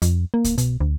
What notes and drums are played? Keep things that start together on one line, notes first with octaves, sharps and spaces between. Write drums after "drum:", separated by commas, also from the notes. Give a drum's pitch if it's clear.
F2, drum: hi-hat
A#3
drum: kick C2, hi-hat
B2, drum: hi-hat
D2